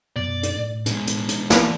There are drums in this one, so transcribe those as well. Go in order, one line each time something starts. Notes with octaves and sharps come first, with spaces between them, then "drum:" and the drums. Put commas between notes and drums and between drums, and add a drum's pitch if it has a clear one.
F#2 B2 D5
drum: hi-hat
A2
B2 G#3, drum: hi-hat
drum: hi-hat
drum: hi-hat
E3 D5 F5 A5, drum: snare